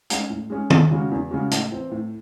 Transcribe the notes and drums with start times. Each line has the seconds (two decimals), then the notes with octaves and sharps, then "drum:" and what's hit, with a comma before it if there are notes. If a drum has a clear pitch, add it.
0.10 G#3 C#4 G#4, drum: hi-hat
0.30 A2
0.50 G#3 C#4 G#4
0.70 E2, drum: tom D#3
0.91 C#3 G#3 C#4 F#4
1.11 E2
1.31 C#3 G#3 C#4 F#4
1.51 A2, drum: hi-hat
1.72 E3 C4
1.91 A2